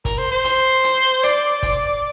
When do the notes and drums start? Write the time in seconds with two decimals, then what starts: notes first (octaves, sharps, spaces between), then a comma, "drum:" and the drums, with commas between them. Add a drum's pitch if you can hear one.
0.05 A#4, drum: kick, hi-hat
0.18 C5
0.31 C5
0.44 drum: hi-hat
0.84 drum: hi-hat
1.23 D5, drum: hi-hat
1.63 drum: kick, hi-hat